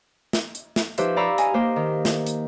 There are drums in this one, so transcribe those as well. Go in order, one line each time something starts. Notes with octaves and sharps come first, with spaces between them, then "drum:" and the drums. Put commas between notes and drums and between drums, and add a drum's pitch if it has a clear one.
drum: snare
drum: hi-hat
drum: snare
F3 D#4 G4 B4 C5 E5, drum: hi-hat
D5 F5 A#5 B5 C#6 E6
D#5 G#5, drum: hi-hat
A#3 G4 C5
D#3
drum: snare
drum: hi-hat